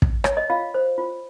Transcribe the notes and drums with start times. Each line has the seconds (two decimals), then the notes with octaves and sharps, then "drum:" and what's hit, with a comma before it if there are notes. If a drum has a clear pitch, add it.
0.02 drum: kick
0.24 C#5, drum: rim click
0.37 D#5
0.50 F4 F5
0.74 C5
0.98 F4